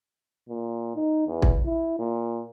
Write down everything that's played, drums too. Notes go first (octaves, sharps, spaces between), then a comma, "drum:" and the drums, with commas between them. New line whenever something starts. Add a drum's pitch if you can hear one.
A#2
D#4
E2
drum: kick
E4
A#2